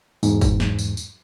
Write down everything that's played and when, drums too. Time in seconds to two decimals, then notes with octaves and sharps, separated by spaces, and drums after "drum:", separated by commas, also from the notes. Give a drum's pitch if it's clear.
0.23 E2 G#2, drum: tambourine
0.41 drum: kick, tambourine
0.60 drum: snare
0.79 drum: tambourine
0.97 drum: tambourine